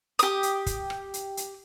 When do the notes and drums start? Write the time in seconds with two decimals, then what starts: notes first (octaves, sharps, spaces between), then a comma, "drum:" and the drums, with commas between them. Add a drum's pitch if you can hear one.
0.19 G4 D#6, drum: hi-hat
0.43 drum: hi-hat
0.66 drum: kick, hi-hat
0.90 drum: rim click
1.14 drum: hi-hat
1.37 drum: hi-hat